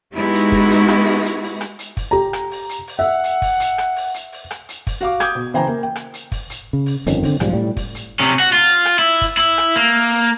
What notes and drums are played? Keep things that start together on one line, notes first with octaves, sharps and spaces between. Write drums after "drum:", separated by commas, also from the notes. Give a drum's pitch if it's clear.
G#3 B3 D#4 E4 F#4 G4
drum: hi-hat
drum: kick, open hi-hat
drum: hi-hat
drum: rim click
drum: open hi-hat
drum: hi-hat
drum: open hi-hat
drum: rim click
drum: hi-hat
drum: kick, open hi-hat
G4 A#5
drum: rim click
drum: open hi-hat
drum: hi-hat
drum: open hi-hat
E5 F#5
drum: hi-hat
drum: kick, open hi-hat
drum: hi-hat
drum: rim click
drum: open hi-hat
drum: hi-hat
drum: open hi-hat
drum: rim click
drum: hi-hat
drum: kick, open hi-hat
F#4 F5 D6
D6 D#6 G6 G#6, drum: rim click
B2
C#3 E3 C5 G5 G#5 A#5
A#3
G5
drum: rim click
drum: hi-hat
drum: kick, open hi-hat
drum: hi-hat
C#3
drum: open hi-hat
G1 F2 D#3 C#4, drum: hi-hat
D3 C4, drum: open hi-hat
B1 G#2 F3 G3, drum: rim click
A2 G3
drum: kick, open hi-hat
drum: hi-hat
C3 C#4
F#4
F4
drum: open hi-hat
drum: rim click
E4
drum: kick, open hi-hat
E4, drum: hi-hat
drum: rim click
A#3
drum: open hi-hat